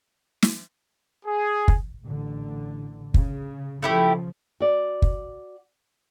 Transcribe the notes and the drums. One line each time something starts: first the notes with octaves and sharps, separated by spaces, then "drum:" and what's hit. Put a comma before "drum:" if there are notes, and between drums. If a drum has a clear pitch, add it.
drum: snare
G#4
drum: kick
A1 D3
C#3, drum: kick
C#3 F3 A3 E4 G4
F#4 D5
drum: kick